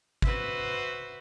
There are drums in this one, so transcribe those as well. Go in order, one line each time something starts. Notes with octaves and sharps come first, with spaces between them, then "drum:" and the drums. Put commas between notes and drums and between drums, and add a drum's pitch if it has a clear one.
F#4 B4 C5 E5, drum: kick G#1